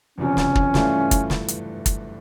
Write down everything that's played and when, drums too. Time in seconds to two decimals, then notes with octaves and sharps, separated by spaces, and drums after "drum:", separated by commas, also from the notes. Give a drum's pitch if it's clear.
0.18 F#1 E2 C3 F3 C#4
0.37 drum: snare
0.55 drum: kick
0.74 G2 E3 A3 D4 F4, drum: snare
1.11 drum: kick, hi-hat
1.30 drum: snare
1.48 drum: hi-hat
1.86 drum: kick, hi-hat